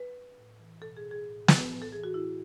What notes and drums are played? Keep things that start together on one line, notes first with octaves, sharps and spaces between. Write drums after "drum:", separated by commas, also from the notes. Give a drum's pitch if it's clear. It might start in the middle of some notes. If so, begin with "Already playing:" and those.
Already playing: B4
A2
E3
B2 A4
G#4
G#4
A2
E3, drum: snare
A2
A4
E3 G#4
F#4
A2 E4